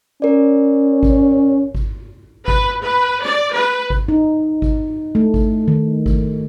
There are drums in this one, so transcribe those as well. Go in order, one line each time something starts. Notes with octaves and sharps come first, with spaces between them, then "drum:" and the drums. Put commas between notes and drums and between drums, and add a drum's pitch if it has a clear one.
C#4 A#4 D5
drum: kick G#1
drum: kick G#1
B4, drum: kick G#1
B4
D5
B4
drum: kick G#1
D#4
drum: kick G#1
A3
drum: kick G#1
D#3
drum: kick G#1